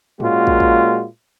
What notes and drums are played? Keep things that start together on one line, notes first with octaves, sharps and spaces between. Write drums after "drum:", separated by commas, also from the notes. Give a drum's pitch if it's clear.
A#2 G#3 A#3 C#4 F4 F#4, drum: tom G#2
drum: kick
drum: kick